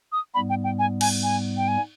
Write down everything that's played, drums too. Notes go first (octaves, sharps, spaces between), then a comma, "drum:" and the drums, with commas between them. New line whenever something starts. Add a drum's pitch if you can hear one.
D#6
G#2 G3 B3 B5
G5
G5
G#5
G#5, drum: cymbal
G#5
G5
G#5